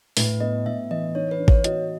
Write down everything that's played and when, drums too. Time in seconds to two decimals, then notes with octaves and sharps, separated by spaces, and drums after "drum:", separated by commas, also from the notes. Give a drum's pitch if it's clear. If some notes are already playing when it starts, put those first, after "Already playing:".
0.17 A2 B4, drum: open hi-hat
0.40 B3 D#5
0.66 A2 E5
0.91 E3 D#5
1.15 D#4 C#5
1.31 B4
1.39 D#4
1.48 C#5, drum: kick G#1
1.64 F#4 D#5, drum: hi-hat